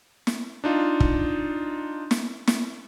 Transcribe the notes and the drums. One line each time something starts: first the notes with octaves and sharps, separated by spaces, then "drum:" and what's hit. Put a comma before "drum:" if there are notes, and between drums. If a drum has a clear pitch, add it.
drum: snare
D4 D#4 F4
drum: kick
drum: snare
drum: snare